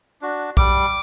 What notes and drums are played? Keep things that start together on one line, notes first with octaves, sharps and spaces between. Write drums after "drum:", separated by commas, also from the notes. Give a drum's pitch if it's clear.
D4 F#4
G3 D6, drum: kick A#1